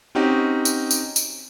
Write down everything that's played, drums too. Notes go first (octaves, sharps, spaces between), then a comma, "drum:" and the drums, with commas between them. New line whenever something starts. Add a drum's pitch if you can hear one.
C4 C#4 D#4 F#4 G4
drum: tambourine
drum: tambourine
drum: tambourine